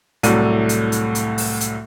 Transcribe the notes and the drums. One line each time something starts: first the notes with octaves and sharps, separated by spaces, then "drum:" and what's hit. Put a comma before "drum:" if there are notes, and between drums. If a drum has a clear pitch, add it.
C2 A2 F#3 A4 D5 D#7, drum: hi-hat
drum: hi-hat
drum: hi-hat
drum: hi-hat
drum: open hi-hat
drum: hi-hat